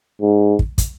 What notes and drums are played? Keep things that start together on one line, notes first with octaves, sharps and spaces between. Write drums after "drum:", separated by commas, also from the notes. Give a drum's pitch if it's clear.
G#2
drum: kick
drum: kick, hi-hat